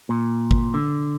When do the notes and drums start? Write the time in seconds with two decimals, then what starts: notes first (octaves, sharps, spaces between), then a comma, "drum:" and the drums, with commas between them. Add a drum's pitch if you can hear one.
0.09 A#2
0.51 drum: kick G#1
0.74 D3